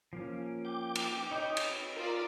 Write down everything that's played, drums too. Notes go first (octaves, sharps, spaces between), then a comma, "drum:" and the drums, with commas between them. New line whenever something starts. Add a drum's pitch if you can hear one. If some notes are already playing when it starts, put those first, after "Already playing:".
F3 A#3 C#4
G5 D6
drum: cymbal
D#4 C#5 D#5 B5
drum: cymbal
F4 A#4 D5